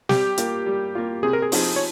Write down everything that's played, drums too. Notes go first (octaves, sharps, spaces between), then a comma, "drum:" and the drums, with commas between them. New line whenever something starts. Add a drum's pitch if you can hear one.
G3 G4, drum: snare
A#3 F4, drum: hi-hat
G3
A#3 F4
C3 G#4
A#4
G#4
F3 C4 D#4, drum: open hi-hat
C#5